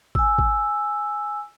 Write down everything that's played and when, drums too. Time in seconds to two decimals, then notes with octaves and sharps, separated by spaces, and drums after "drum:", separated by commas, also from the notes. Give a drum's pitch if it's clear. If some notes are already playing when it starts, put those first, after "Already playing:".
0.15 G#5 E6, drum: kick G#1
0.38 drum: kick G#1